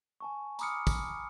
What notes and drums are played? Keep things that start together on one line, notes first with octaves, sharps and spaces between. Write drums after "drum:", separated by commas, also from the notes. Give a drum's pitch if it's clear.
G#5 A5 C#6
A#5 B5 D6 D#6 F6 C#7, drum: tambourine
drum: kick, tambourine